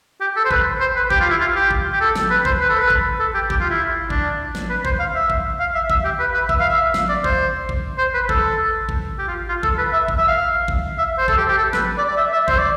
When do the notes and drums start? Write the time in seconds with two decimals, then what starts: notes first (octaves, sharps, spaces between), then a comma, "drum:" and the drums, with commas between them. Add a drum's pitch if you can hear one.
0.21 G4
0.37 A4
0.45 C5
0.51 B4, drum: kick G#1
0.80 C5
0.96 B4
1.10 G4, drum: kick G#1
1.21 F4
1.30 E4
1.41 F4
1.56 G4
1.71 drum: kick G#1
1.93 G4
2.01 A4
2.15 drum: snare
2.31 B4
2.45 C5, drum: kick G#1
2.60 B4
2.69 A4
2.79 B4
2.90 drum: kick G#1
3.20 A4
3.35 G4
3.50 G4, drum: kick G#1
3.60 F4
3.70 E4
4.10 D4, drum: kick G#1
4.55 drum: snare
4.70 B4
4.85 C5, drum: kick G#1
5.00 F5
5.15 E5
5.30 drum: kick G#1
5.60 F5
5.75 E5
5.90 E5, drum: kick G#1
6.05 G4
6.20 B4
6.34 B4
6.49 E5, drum: kick G#1
6.60 F5
6.69 E5
6.94 drum: snare
7.09 D5
7.24 C5, drum: kick G#1
7.69 drum: kick G#1
7.99 C5
8.14 B4
8.29 A4, drum: kick G#1
8.89 drum: kick G#1
9.19 G4
9.28 F4
9.49 F4
9.63 A4, drum: kick G#1
9.78 B4
9.93 E5
10.08 drum: kick G#1
10.18 E5
10.28 F5
10.68 drum: kick G#1
10.98 E5
11.18 C5
11.28 A4, drum: kick G#1
11.38 G4
11.48 G4
11.58 A4
11.73 B4, drum: snare
11.98 D5
12.08 D5
12.17 E5
12.33 E5
12.48 C5, drum: kick G#1
12.59 D5